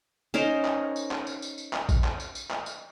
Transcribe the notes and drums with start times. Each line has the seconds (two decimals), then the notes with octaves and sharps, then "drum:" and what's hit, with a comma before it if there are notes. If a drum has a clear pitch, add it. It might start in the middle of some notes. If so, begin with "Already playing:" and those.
0.34 C#4 D#4 A#4 C5, drum: tambourine
0.65 drum: clap
0.96 drum: tambourine
1.11 drum: clap
1.27 drum: tambourine
1.42 drum: tambourine
1.58 drum: tambourine
1.73 drum: clap
1.89 drum: kick, tambourine
2.04 drum: clap
2.20 drum: tambourine
2.35 drum: tambourine
2.51 drum: clap
2.66 drum: tambourine